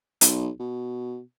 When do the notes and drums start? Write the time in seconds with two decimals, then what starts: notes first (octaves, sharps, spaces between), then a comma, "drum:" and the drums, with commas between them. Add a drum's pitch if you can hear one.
0.21 B1, drum: hi-hat
0.60 B2